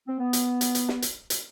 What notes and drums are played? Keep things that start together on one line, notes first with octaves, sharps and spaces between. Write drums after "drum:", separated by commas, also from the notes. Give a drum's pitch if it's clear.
C4
B3
drum: hi-hat
drum: hi-hat
drum: hi-hat
drum: snare
drum: hi-hat
drum: hi-hat